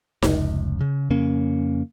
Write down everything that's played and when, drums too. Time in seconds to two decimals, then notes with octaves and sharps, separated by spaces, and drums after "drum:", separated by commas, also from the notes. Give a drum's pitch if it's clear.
0.22 F1 C#2, drum: snare D#4
0.81 C#3
1.10 F2 C#3 A#3 C#4